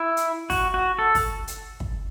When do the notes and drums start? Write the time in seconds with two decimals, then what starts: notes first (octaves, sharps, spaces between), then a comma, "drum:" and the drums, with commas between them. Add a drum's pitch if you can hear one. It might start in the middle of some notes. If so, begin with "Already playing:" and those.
Already playing: E4
0.17 drum: hi-hat
0.50 F#4, drum: kick, open hi-hat
0.74 F#4
0.99 A4
1.15 drum: kick, open hi-hat
1.48 drum: hi-hat
1.80 drum: kick